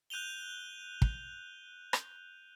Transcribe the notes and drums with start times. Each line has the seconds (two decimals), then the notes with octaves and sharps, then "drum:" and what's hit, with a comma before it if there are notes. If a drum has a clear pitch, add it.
0.10 F#6 G6 D#7 F7 G7
1.02 drum: kick
1.93 drum: rim click